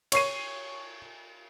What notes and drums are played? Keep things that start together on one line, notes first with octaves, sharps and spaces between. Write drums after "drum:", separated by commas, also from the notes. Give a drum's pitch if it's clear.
C#5 C#6 C7 D#7, drum: cymbal